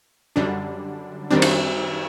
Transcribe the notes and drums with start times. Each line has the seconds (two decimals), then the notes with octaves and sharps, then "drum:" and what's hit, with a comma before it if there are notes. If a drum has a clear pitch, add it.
0.36 F#2 D3 G3 D4
1.31 F#2 D#3 G3 C4 D4
1.42 drum: cymbal